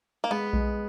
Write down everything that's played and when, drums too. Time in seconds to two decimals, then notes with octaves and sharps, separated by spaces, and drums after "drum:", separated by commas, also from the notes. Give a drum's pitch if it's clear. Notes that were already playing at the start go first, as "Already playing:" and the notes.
0.24 A#3
0.31 G#3 B3
0.53 G#3, drum: kick A#1